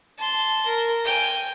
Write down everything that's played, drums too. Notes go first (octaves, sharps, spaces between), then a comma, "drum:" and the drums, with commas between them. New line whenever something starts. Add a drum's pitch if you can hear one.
A5 C6
A#4
G5 G#5, drum: open hi-hat